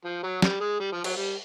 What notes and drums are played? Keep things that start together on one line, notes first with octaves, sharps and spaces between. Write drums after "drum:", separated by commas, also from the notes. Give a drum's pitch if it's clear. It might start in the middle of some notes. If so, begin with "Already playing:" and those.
F3
F#3
G3, drum: snare
G#3
G3
F3
F#3, drum: cymbal
G3